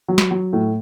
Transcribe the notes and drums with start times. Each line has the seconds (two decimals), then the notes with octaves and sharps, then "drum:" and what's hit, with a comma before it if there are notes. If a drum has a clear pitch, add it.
0.08 F#3
0.18 drum: snare
0.31 F#3
0.53 A2